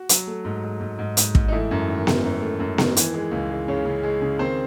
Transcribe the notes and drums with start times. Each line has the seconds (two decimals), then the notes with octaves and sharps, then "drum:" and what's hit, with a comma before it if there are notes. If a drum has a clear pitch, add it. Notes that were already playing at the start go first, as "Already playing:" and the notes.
Already playing: F#4
0.09 F#3, drum: hi-hat
0.27 A3
0.45 G#2
0.63 G#2
0.80 G#2
0.99 G#2
1.17 G#2, drum: hi-hat
1.35 G#2, drum: kick
1.48 D#4
1.52 E3 A3 E4
1.71 F#2
1.88 D#3
2.07 D#3, drum: snare B3
2.25 F#2
2.42 A3
2.60 F#2
2.78 D#3, drum: snare B3
2.97 E3, drum: hi-hat
3.14 G#3
3.31 C#2
3.49 G#3
3.68 C#3 C#4
3.85 C#3
4.03 G#3
4.22 C#3
4.39 D#3 C4 C5